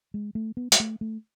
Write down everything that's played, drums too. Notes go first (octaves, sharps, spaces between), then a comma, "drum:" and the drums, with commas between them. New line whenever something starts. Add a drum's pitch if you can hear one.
G#3
A3
B3
G#3, drum: hi-hat
A3
A3